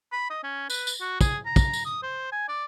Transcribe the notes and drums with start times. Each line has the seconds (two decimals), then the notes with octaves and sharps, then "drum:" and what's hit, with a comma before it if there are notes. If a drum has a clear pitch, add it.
0.12 B5
0.30 D#5
0.44 C#4
0.70 B4, drum: tambourine
0.87 drum: tambourine
1.01 F#4
1.21 G#4, drum: kick, tambourine
1.46 A#5
1.56 drum: kick, tambourine
1.73 drum: tambourine
1.85 D#6
2.03 C5
2.32 G#5
2.48 D5